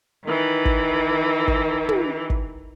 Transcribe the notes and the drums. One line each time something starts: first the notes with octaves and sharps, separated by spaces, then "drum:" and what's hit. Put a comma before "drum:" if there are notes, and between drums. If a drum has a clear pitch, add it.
D#3 E3
drum: kick
drum: kick
drum: tom
drum: kick